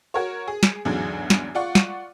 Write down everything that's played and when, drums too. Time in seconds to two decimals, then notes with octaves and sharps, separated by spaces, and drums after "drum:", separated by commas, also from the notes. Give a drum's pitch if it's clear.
0.14 F#4 A#4 C#5
0.48 G#4
0.63 drum: snare
0.85 A1 E2 G#2 D3 F#3
1.30 drum: snare
1.55 F4 D5 F#5 C#6
1.75 drum: snare